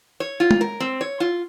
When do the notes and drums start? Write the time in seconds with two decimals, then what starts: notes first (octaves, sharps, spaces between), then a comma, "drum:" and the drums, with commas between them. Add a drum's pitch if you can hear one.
0.20 C#5
0.40 F4
0.51 drum: tom
0.61 A#4
0.80 C4
1.01 C#5
1.20 F4